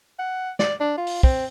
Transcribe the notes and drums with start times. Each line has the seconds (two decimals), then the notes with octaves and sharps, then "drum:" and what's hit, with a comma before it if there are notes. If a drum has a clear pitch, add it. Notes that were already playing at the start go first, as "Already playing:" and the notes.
0.19 F#5
0.59 D5, drum: snare
0.80 D4
0.97 F4
1.07 drum: open hi-hat
1.23 C4, drum: kick